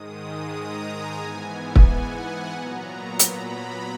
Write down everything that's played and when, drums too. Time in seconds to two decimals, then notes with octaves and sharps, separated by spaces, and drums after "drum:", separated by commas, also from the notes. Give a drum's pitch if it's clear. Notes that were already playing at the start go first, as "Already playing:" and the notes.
Already playing: G#2 D#3 G#3 D#6
0.16 D#6
0.50 A#5
0.84 G#5
1.18 G#2 E3 B3 G#5
1.51 G#5
1.76 drum: kick
1.85 F#5
2.18 G#5
2.53 A#2 F#3 B3 A#5
3.19 B5, drum: hi-hat